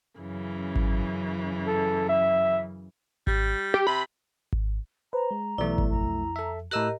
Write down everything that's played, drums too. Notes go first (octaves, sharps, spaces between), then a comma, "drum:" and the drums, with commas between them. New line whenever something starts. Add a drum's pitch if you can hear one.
F#2 C#3 E3
drum: kick G#1
A4
E5
G3, drum: kick G#1
G4
C3 B5
drum: kick G#1
B4 C5 A#5
G#3
B1 E3 A3 B3 E4 D5
drum: kick G#1
F2 A#5
A4 E5
A2 G4 A#4 D#5 A#5 E6 F#6